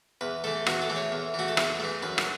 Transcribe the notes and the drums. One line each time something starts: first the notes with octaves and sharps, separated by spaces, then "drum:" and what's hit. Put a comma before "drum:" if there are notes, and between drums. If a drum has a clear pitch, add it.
E2 B4
E3 A3 A4
E2 F#4, drum: rim click
A4
E3 A3
C#5
E2
E3 A3 F#4
A4
E2 B4, drum: rim click
E3 A3
F#2 B4
drum: rim click